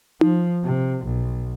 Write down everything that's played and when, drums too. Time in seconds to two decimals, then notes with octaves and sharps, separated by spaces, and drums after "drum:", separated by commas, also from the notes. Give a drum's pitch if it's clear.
0.21 F3, drum: tom D#4
0.64 C3
1.05 B1